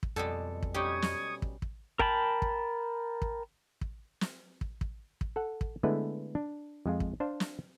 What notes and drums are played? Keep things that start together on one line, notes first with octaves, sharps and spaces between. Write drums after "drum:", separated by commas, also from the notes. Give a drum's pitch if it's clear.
drum: kick
F2 B2 G3 G#3 A4
drum: kick
B2 G3 C#4 D#4 G4 C#6 D#6 G#6
drum: snare
drum: kick
drum: kick
A#4 G5 A5 B5, drum: kick
drum: kick
drum: kick
drum: kick
drum: snare
drum: kick
drum: kick
drum: kick
A4 F#5
drum: kick
D3 G#3 A3 B3 E4 B4
D4
F2 G#3 F4
drum: kick
D4 C5 F5 A5
drum: snare